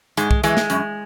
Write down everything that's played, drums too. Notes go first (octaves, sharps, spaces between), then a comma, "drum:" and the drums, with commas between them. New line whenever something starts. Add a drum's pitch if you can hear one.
G#2 G#3, drum: hi-hat
drum: kick
E3 G#3, drum: hi-hat
drum: snare
F#2, drum: hi-hat